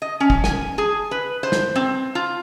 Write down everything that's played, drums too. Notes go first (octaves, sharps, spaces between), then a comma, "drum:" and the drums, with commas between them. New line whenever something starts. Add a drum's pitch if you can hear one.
D#5
C#4
drum: kick
G#5, drum: snare
G#4
B4
C5
drum: snare
C4
F4